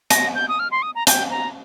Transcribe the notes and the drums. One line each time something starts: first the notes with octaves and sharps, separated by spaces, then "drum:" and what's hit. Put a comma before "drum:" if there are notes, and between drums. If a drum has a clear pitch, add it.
A#6, drum: hi-hat
G6
D#6
F6
C6
D#6
A#5
G5, drum: hi-hat
A#5